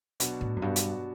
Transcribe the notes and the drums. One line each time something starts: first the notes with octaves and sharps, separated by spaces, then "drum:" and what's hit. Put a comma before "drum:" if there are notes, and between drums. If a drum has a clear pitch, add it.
B2 F#3 B3 D4 F#4, drum: hi-hat
A2
F#2
G2 B2 F#3 B3 D4 F#4
drum: hi-hat